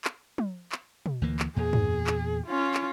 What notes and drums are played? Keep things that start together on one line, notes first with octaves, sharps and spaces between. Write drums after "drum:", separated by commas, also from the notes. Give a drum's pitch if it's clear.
drum: clap
drum: tom
drum: clap
drum: tom
D2 E3 A#3
drum: clap
E2 A#2 G#4
drum: tom
drum: clap
C#4 F4
drum: clap